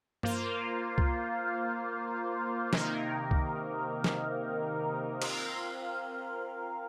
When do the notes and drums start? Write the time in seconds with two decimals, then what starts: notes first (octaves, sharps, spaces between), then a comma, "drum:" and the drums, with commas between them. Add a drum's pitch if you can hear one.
0.23 A#3 F4 C5 F5, drum: tom G2
0.98 drum: kick C2
2.73 C3 D#3 A#3 D#4 A#4, drum: snare
3.31 drum: kick C2
4.04 drum: snare
5.22 C4 F4 A#4 F5, drum: cymbal